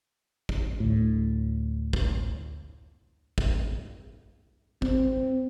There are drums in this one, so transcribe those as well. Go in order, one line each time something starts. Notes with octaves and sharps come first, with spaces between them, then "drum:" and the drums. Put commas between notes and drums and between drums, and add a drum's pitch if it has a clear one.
drum: kick
D2 A2
drum: kick
drum: kick
C4, drum: kick